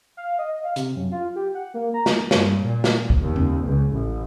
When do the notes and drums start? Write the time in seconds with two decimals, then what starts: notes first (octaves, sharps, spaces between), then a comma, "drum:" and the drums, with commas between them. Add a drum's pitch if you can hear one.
0.17 F5
0.38 D#5
0.64 F5
0.76 C3, drum: hi-hat
0.96 F#2
1.12 F4
1.36 G4
1.55 F#5
1.74 A#3
1.94 A#5
2.06 drum: snare
2.31 G2, drum: snare
2.62 A#2
2.84 drum: snare
3.10 drum: kick
3.22 D#2
3.36 drum: tom F2
3.64 C#2
3.93 A1